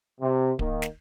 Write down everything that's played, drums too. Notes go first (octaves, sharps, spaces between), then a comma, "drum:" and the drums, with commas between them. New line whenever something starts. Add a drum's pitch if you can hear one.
C3
D#3 A#3, drum: kick D1
drum: snare